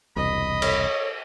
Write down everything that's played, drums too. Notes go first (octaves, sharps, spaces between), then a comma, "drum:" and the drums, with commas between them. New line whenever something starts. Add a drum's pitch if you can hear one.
E1 C2 D#5 B5
C#5, drum: cymbal